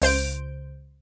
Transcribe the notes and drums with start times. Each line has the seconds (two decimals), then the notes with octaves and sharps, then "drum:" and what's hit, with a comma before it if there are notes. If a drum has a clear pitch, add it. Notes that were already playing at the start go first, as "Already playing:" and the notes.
0.02 C#2 C5 G6 D7, drum: open hi-hat